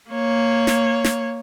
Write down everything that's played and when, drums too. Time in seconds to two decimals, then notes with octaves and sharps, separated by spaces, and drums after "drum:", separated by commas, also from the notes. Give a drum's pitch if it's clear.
0.11 A#3 C#5
0.67 drum: snare
1.04 drum: snare